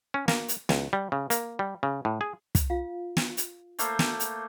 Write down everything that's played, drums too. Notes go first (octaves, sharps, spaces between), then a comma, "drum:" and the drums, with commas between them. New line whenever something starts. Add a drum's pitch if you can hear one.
C#4
A#3, drum: snare
drum: hi-hat
C#2, drum: snare
G3
C#3
A#3, drum: hi-hat
G3
C#3
A2
G#4
drum: kick, hi-hat
F4 F5
drum: snare
drum: hi-hat
A3 A#3 C5, drum: hi-hat
drum: snare
drum: hi-hat